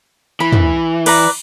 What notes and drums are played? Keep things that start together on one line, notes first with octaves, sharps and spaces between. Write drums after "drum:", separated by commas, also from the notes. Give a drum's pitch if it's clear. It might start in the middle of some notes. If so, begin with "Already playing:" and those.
E3 B5
drum: tom
B4 D5 A#5, drum: cymbal